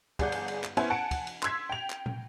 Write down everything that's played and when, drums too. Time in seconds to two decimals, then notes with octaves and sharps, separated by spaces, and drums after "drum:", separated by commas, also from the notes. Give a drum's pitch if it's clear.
0.19 G1 G#4 D5 F#5 G6, drum: kick, cymbal
0.32 drum: cymbal
0.48 drum: cymbal
0.64 drum: clap
0.77 B3 C#4 E4 C5 C#5 G#5, drum: cymbal
0.90 F#5 G#5 A5 C#7 D7
1.11 drum: kick, cymbal
1.27 drum: cymbal
1.43 C6 E6 G#6 B6, drum: clap
1.70 G5 F7
1.90 drum: clap
2.06 drum: tom